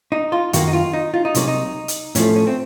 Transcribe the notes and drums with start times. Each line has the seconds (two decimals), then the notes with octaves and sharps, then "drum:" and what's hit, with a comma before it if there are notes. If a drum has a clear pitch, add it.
0.12 D#4
0.32 F4
0.53 F#2 D#3 A#3 F#4, drum: hi-hat
0.68 D#4
0.73 F4
0.93 D#4
1.14 F4
1.25 D#4
1.35 C2 C3 F#3 A#3 C#4, drum: hi-hat
1.48 D#4
1.88 drum: hi-hat
2.15 A2 F3 A3 C#4, drum: hi-hat
2.36 C#4
2.47 C4